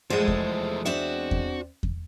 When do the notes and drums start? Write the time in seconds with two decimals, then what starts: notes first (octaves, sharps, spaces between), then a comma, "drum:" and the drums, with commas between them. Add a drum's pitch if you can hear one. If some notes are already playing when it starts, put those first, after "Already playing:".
0.10 E2 F3 G#3 A3 A4 C5
0.28 drum: kick E2
0.86 C4 D4 F#4 E5
1.31 drum: kick E2
1.83 drum: kick E2